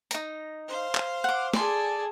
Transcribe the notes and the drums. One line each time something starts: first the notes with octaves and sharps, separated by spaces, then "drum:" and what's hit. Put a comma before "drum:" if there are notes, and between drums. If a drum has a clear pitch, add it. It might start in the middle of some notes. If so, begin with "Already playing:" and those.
D#4 A#5, drum: hi-hat
C5 F5
drum: clap
F#5 D6
G#4 A4 D5 G#5 C6, drum: snare